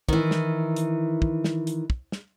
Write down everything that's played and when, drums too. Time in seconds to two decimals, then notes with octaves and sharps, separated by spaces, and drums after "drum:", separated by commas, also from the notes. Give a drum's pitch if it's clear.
0.09 D#3 E3, drum: kick
0.31 drum: snare
0.76 drum: hi-hat
1.22 drum: kick
1.44 drum: snare
1.67 drum: hi-hat
1.90 drum: kick
2.12 drum: snare